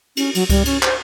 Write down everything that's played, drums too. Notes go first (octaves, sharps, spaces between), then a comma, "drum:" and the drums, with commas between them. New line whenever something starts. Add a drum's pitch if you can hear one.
C#4, drum: cymbal
F#3, drum: cymbal
G3, drum: kick C#2, cymbal
C#4, drum: cymbal
C5, drum: clap